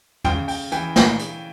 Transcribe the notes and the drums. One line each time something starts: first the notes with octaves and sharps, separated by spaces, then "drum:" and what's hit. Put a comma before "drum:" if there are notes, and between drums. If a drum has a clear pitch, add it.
C#3 G5, drum: tom
G5, drum: open hi-hat
E3 G5, drum: hi-hat
G5, drum: snare
drum: hi-hat